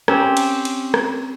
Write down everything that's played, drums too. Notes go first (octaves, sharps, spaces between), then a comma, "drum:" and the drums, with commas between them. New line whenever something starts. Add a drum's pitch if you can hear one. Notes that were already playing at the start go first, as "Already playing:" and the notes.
C4 C#4 G4, drum: rim click
drum: cymbal
drum: cymbal
drum: rim click